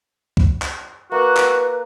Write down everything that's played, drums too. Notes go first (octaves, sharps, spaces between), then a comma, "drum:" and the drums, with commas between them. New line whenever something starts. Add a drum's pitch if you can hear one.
drum: kick C#2
drum: clap
A#3 F#4 B4
drum: clap